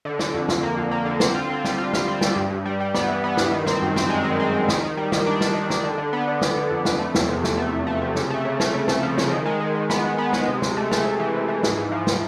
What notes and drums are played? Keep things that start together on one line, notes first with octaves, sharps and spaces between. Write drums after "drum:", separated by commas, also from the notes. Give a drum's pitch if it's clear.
D3
D3, drum: snare
F2
F2, drum: snare
A#3
F2
A#3
D3
C4, drum: snare
F4
C4
G3, drum: snare
F4
F4, drum: snare
C4
G3, drum: snare
G2
G2
G3
G3
B3, drum: snare
E3
B3
G2, drum: snare
D#3
C4, drum: snare
F#2
C4, drum: snare
G#3
D#3
C4
D#3
D#3, drum: snare
D#3
G3
D#3, drum: snare
D4
D#3, drum: snare
D#3
D4, drum: snare
D3
D3
B3
D3
D3, drum: snare
D3
F2
F2, drum: snare
A3
E2, drum: snare
C3
E2, drum: snare
A3
E2
A3
C3
C#3, drum: snare
A3
C#3
A3, drum: snare
C#3
A3, drum: snare
F3
C#3, drum: snare
D#3
G#3
D#3
D#3
B3, drum: snare
D#3
B3
G#3, drum: snare
C3
C3, drum: snare
A3
A3, drum: snare
C3
E3
C3
E3
G#2, drum: snare
G#2
F3
drum: snare